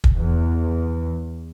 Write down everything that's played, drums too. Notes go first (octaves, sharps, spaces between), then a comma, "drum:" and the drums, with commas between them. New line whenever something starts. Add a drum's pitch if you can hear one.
drum: kick
E2